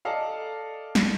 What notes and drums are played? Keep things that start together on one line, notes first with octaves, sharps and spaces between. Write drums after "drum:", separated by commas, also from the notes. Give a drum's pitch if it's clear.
A4 D5 D#5 F5 A5
drum: snare